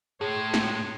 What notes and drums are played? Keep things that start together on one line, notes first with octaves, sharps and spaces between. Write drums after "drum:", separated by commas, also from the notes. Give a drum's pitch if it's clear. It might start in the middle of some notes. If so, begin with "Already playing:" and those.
A2 G#4 C#5 C6
drum: snare